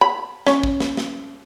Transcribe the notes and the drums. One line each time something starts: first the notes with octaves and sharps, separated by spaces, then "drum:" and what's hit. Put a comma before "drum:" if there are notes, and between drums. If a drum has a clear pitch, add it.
B5
C#4, drum: snare
drum: kick
drum: snare
drum: snare